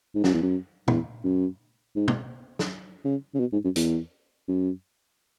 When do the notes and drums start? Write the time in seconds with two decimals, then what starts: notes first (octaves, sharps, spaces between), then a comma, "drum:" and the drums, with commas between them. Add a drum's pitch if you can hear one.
0.15 G#2
0.24 F#2, drum: snare
0.34 E2
0.43 F#2
0.88 E2, drum: tom
1.24 F#2
1.96 G#2
2.08 drum: tom
2.59 drum: snare
3.05 C#3
3.34 C#3
3.40 B2
3.53 G#2
3.64 F#2
3.76 E2, drum: hi-hat
4.48 F#2